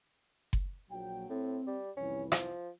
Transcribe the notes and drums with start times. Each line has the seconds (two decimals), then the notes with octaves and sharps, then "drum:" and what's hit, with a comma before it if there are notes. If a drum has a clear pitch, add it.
0.53 drum: kick F#1
0.90 A#1 F#3 G5
1.30 A2 C4
1.67 G3
1.97 C2 F2 E3 C#4
2.32 F3, drum: rim click